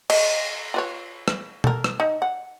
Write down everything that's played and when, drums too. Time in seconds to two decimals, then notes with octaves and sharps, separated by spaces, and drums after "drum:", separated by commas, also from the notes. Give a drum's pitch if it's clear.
0.10 D#5, drum: cymbal
0.74 F4 B4 C#5
1.28 drum: rim click
1.64 A4 A#4, drum: tom B2
1.84 drum: rim click
2.00 D#4
2.22 F#5